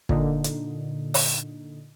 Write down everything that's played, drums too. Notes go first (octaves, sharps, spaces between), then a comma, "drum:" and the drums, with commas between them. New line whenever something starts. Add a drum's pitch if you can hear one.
A#2 D3 D#4, drum: kick
drum: hi-hat
drum: open hi-hat